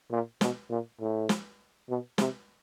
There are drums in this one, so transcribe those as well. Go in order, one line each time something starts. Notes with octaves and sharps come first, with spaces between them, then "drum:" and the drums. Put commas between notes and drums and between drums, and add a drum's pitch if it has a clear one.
A#2
B2, drum: snare
A#2
A2
drum: snare
B2
C3, drum: snare